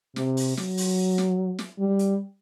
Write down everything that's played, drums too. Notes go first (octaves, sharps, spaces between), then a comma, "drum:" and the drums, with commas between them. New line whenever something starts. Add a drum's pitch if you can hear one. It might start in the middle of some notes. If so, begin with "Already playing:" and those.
C3, drum: snare
drum: open hi-hat
F#3, drum: snare
drum: open hi-hat
drum: snare
drum: snare
G3
drum: hi-hat